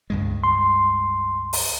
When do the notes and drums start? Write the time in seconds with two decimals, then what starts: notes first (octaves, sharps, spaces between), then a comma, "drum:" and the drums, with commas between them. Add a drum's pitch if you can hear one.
0.10 C#2 G2 G#3
0.44 C6
1.53 drum: open hi-hat